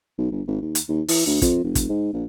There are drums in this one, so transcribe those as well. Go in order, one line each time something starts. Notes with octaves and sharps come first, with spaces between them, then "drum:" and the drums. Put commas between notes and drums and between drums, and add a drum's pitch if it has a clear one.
B1
G1
G#1
D#2
drum: hi-hat
D#2
E3, drum: open hi-hat
D2
F2, drum: kick, hi-hat
F1
drum: kick, hi-hat
G#2
A#1